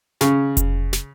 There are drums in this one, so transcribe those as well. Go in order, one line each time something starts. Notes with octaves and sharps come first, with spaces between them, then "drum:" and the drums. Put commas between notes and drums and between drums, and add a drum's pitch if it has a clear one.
C#3, drum: snare
drum: kick F1, hi-hat
drum: snare